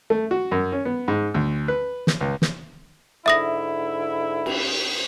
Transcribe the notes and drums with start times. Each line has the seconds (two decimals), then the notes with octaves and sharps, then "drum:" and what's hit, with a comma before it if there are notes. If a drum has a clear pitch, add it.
0.10 A3
0.31 F#4
0.51 F#2
0.72 C#4
0.85 B3
1.08 G#2
1.34 D2
1.68 B4
2.07 drum: snare
2.21 C#2
2.42 drum: snare
3.26 G#2 D3 E4 E5 D#6 A#6
4.46 drum: cymbal